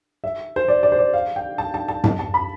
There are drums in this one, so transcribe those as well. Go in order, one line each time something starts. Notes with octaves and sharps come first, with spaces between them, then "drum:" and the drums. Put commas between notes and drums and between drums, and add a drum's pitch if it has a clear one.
E5
C5
D5
D5
C5
D5
F5
G5
A5
A5
A5
A5, drum: tom F#2
A5
B5